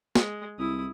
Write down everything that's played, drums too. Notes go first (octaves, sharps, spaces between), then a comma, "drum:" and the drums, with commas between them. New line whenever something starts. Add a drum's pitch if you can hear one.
G#3, drum: snare
C2 E4 D#6